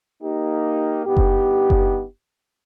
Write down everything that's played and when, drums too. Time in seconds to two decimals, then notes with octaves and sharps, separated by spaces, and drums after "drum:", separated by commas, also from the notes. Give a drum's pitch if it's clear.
0.23 A#3 D#4 G4
1.07 G2 B3 D#4 G4
1.17 drum: kick F#1
1.70 drum: kick F#1